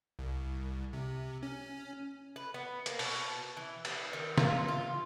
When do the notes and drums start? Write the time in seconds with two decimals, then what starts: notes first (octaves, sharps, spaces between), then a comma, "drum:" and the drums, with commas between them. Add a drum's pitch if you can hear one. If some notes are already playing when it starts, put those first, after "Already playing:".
0.19 C2
0.93 C3
1.43 C#4
2.36 B4
2.54 B3
2.86 A#3, drum: hi-hat
2.99 B2, drum: open hi-hat
3.57 E3
3.85 B3, drum: cymbal
4.13 D#3
4.38 F4, drum: snare
4.68 F4